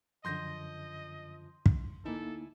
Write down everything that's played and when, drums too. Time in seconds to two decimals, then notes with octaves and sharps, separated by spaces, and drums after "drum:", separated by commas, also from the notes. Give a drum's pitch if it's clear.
0.25 F#2 D3 F3 D#5 C6 G6 A#6
1.66 drum: kick
2.05 D2 A#3 D#4 E4 A4 G#5